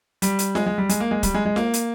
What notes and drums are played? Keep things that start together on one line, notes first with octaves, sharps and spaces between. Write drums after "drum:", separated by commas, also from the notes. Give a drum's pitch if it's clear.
G3, drum: hi-hat
drum: hi-hat
G#3, drum: snare F4
G#3
G3
G#3, drum: hi-hat
A#3
G#3
G3, drum: kick, hi-hat
G#3
G#3
A#3, drum: snare F4
drum: hi-hat